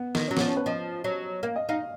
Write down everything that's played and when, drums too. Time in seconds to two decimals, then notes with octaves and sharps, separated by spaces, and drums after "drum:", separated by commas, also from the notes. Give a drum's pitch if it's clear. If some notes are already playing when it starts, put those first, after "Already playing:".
Already playing: B3
0.15 D#3, drum: snare
0.28 F#3 C#4
0.37 F3 B3, drum: snare
0.47 C#4
0.57 B4
0.66 F3 D#5
1.04 F#3
1.43 A#3 F5
1.56 D#5
1.69 D#4 F5